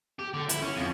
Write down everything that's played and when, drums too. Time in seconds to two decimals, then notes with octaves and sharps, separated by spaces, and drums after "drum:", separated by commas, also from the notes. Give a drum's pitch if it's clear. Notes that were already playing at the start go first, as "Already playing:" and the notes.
0.19 G4
0.34 D3
0.49 E4, drum: hi-hat
0.62 C#4
0.77 F2